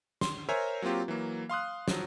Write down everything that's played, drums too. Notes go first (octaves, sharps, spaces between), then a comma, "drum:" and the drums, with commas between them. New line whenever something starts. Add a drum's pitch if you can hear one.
C6, drum: snare
A#4 C5 C#5 E5 G#5 A#5
F#3 A#3 C4 F4 G4
E3 F#3 A#3
F5 C6 D#6 F#6
F3 F#3, drum: snare